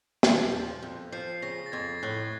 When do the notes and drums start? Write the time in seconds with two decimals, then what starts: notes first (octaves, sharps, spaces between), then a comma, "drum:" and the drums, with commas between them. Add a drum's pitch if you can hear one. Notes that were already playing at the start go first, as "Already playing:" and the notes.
0.23 C#3, drum: snare
0.52 F3
0.82 F2
1.12 F3 C7
1.42 C#3 A#6
1.66 A6
1.72 F2 G#6
2.03 A2 F#6